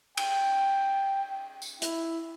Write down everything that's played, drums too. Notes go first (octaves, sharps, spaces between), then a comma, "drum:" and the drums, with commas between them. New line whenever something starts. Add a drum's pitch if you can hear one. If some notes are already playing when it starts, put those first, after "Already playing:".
G5, drum: cymbal
drum: tambourine
E4, drum: hi-hat